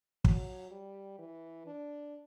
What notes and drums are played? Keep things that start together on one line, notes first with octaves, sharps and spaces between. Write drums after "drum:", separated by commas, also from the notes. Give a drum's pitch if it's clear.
F#3, drum: kick
G3
E3
D4